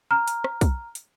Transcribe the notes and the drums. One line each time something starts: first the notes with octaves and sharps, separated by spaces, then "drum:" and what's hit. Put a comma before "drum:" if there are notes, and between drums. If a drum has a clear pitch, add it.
A#5 F6
drum: hi-hat
drum: rim click
drum: kick, hi-hat
drum: hi-hat